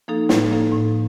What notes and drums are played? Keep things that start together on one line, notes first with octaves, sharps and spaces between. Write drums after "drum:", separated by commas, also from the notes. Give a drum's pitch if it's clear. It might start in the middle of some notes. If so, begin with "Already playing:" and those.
F3 A#3 D#4 A4
A2, drum: snare
F3 A#3 D#4 A4
A2